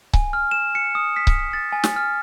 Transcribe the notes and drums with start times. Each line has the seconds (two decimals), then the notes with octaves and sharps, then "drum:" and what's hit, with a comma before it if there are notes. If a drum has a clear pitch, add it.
0.13 G#5, drum: kick C#1
0.33 F6
0.51 E7
0.75 C#7
0.95 D#6
1.16 B6
1.27 drum: kick C#1
1.53 A6
1.72 G#5
1.84 drum: snare
1.96 F6